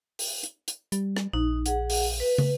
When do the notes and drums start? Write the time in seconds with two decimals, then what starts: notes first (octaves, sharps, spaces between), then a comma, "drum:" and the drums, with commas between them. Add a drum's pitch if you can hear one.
0.19 drum: open hi-hat
0.43 drum: hi-hat
0.68 drum: hi-hat
0.92 G3, drum: hi-hat
1.17 drum: rim click
1.33 A#1 D#4
1.66 G#4 F#5, drum: hi-hat
1.90 drum: open hi-hat
2.20 B4
2.38 drum: tom